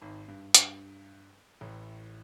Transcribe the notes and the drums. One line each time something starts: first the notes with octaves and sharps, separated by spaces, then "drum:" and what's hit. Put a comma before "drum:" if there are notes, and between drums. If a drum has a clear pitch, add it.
G#1 G#2
G2
G2, drum: hi-hat
A1 A2